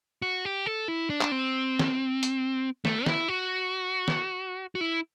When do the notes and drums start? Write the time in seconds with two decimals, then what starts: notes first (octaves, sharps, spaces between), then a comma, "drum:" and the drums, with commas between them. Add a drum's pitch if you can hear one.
0.22 F#4
0.45 G4
0.66 A4
0.88 E4
1.10 D4
1.21 drum: clap
1.32 C4
1.79 drum: snare
2.23 drum: hi-hat
2.85 A3, drum: snare
3.06 E4, drum: snare
3.28 F#4
4.08 drum: snare
4.75 F#4
4.81 E4